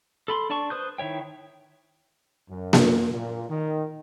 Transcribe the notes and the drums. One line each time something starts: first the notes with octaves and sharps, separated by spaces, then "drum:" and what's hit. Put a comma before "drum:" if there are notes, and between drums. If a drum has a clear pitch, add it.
A4 B5 C6
D4 D5 A5 C#6
B4 C5 D#6 G6
D#3 E4 C#5 G5
F#2
drum: snare A#3
A#2
D#3